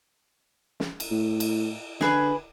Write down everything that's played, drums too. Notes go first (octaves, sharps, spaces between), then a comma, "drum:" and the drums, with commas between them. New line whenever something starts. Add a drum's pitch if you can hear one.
drum: snare
drum: cymbal
A2
drum: cymbal
D3 G#4 B4, drum: snare